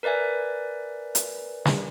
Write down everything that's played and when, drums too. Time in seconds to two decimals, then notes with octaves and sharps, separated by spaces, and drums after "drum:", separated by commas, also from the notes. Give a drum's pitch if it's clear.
0.03 A#4 B4 D5 E5 G#5
1.15 drum: hi-hat
1.65 drum: snare